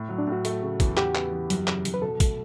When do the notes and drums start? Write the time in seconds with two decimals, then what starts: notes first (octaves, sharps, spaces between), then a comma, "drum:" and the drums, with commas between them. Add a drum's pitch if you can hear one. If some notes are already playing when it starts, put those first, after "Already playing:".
Already playing: A2
0.09 F#3
0.18 D4
0.27 A2
0.32 F#4
0.45 A3, drum: hi-hat
0.62 C#3
0.80 E2, drum: kick, hi-hat
0.97 F#4 G4, drum: clap
1.15 B3, drum: clap
1.32 E3
1.50 F#2, drum: hi-hat
1.67 C#3, drum: clap
1.85 F#2, drum: hi-hat
1.94 B4
2.02 B2 A4
2.20 A3, drum: kick, hi-hat